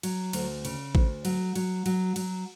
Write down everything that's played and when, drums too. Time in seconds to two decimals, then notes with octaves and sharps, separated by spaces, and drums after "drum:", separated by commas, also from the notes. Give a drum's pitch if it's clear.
0.03 F#3, drum: cymbal
0.33 D2, drum: cymbal
0.65 C#3, drum: cymbal
0.95 D2, drum: kick A1
1.25 F#3, drum: cymbal
1.55 F#3, drum: cymbal
1.86 F#3, drum: cymbal
2.16 F#3, drum: cymbal